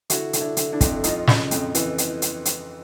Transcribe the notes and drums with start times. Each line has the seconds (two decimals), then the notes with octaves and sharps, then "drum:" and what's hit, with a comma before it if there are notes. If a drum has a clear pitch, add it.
0.10 D3 E4 F#4, drum: hi-hat
0.33 D3, drum: hi-hat
0.41 D4 E4
0.57 D3, drum: hi-hat
0.72 D4 E4
0.81 F2, drum: kick, hi-hat
1.04 F2 D#4 F4, drum: hi-hat
1.27 C#3, drum: snare
1.51 F2, drum: hi-hat
1.75 E3, drum: hi-hat
1.98 drum: hi-hat
2.22 drum: hi-hat
2.45 drum: hi-hat